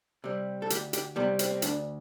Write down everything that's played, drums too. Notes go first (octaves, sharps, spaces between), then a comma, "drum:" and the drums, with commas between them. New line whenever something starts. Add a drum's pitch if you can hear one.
C3 G3
A4
D2 G4, drum: hi-hat
G4, drum: hi-hat
C3 G3 B3
C4, drum: hi-hat
C4
D2 D4, drum: hi-hat